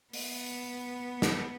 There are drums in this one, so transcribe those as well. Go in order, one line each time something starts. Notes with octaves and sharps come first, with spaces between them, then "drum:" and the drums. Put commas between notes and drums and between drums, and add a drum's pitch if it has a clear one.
B3, drum: open hi-hat
drum: snare